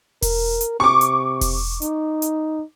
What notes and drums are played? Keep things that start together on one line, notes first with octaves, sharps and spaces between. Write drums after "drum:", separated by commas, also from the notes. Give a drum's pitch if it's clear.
A#4, drum: kick E1, open hi-hat
drum: hi-hat
C3 C#6 D6
drum: hi-hat
drum: kick E1, open hi-hat
D#4, drum: hi-hat
drum: hi-hat